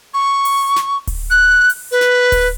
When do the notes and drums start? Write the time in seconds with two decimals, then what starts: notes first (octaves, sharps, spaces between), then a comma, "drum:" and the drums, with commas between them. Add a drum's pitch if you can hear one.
0.14 C#6
0.45 drum: open hi-hat
0.76 drum: snare
1.07 drum: kick D1, open hi-hat
1.30 F#6
1.70 drum: open hi-hat
1.91 B4
2.01 drum: snare
2.32 drum: kick D1, open hi-hat